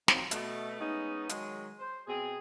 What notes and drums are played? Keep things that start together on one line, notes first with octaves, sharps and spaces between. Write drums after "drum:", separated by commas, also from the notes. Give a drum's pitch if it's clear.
D#3 F3 F#3 C4, drum: snare
B2 A3, drum: hi-hat
G#3 B3 C#4 D#4
D#3 F#3 G#3, drum: hi-hat
C5
B2 C4 G#4